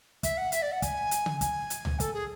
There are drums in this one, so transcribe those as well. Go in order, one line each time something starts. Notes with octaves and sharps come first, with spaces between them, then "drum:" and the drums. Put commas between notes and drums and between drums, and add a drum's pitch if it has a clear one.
E5, drum: kick, hi-hat
F#5
E5, drum: hi-hat
D5
F#5
G#5, drum: kick, hi-hat
drum: hi-hat
drum: tom C#3
G#5, drum: kick, hi-hat
drum: hi-hat
drum: tom C#2
A4, drum: kick, hi-hat
G#4